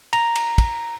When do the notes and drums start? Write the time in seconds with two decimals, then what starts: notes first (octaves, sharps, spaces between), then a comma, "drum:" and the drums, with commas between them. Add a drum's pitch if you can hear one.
0.13 A#5, drum: cymbal
0.35 drum: cymbal
0.58 drum: kick, cymbal